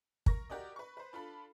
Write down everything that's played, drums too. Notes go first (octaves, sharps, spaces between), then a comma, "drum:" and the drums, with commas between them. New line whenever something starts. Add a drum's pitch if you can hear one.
A#4 C#6 A#6, drum: kick
F#4 G4 A#4 D5 D#5
B4 C#6
B4 C5
D4 F4 A4 B5